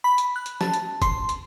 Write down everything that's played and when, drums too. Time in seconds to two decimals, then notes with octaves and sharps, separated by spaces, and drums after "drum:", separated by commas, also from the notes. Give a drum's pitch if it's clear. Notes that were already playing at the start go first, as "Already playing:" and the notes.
0.04 B5
0.18 drum: hi-hat
0.36 F#6
0.46 drum: hi-hat
0.61 A5, drum: snare
0.74 drum: hi-hat
1.02 C6, drum: kick, hi-hat
1.29 drum: hi-hat